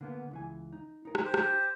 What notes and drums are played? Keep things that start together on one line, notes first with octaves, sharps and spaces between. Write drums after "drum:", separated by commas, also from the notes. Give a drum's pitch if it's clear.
D3 A#3 B3
C#2 E3 G#5
D#4
D#4 A#4
drum: rim click
G4 C5
drum: rim click